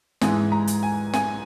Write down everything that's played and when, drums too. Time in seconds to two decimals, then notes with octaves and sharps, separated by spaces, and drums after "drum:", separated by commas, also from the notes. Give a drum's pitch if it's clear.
0.21 G#2 E3 G#3 G#5, drum: snare
0.52 A#5
0.67 drum: hi-hat
0.83 G#5
1.14 G#5, drum: snare